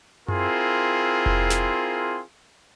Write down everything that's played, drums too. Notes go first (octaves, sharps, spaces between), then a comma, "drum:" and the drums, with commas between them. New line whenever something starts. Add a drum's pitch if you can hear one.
C4 E4 F4 G#4 A#4 C6, drum: tom F#2
drum: kick F1
drum: snare